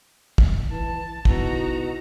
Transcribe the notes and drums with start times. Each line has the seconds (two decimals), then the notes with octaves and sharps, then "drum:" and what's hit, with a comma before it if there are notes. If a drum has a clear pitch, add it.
0.38 drum: kick
0.70 E3 A5
1.25 B2 D#4 E4 F#4 A#5, drum: kick